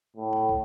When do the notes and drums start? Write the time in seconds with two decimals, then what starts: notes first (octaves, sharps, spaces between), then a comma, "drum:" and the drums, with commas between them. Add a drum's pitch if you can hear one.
0.17 A2
0.33 drum: tom A2
0.49 drum: kick